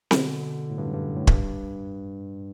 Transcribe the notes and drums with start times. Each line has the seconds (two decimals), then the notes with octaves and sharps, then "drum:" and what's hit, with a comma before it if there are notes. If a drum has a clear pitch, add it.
0.11 B2 D3, drum: snare C4
0.70 A2
0.78 G2
0.86 F#2
0.94 G2
1.16 A2
1.27 G2, drum: kick